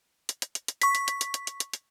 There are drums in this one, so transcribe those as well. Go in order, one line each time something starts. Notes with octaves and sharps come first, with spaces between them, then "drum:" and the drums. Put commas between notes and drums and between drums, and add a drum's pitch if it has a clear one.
drum: hi-hat
drum: hi-hat
drum: hi-hat
drum: hi-hat
C#6 B6, drum: hi-hat
drum: hi-hat
drum: hi-hat
drum: hi-hat
drum: hi-hat
drum: hi-hat
drum: hi-hat
drum: hi-hat